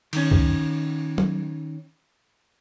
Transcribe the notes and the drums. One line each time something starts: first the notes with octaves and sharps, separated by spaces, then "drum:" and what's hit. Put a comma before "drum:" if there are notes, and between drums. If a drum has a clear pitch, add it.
D#3 C#4, drum: cymbal
drum: kick C#2
drum: tom